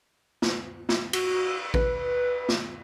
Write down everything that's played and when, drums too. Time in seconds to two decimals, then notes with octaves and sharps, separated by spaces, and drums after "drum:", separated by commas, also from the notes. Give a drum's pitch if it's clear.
0.42 drum: snare
0.89 drum: snare
1.13 F#4, drum: cymbal
1.74 B4, drum: kick A1
2.49 drum: snare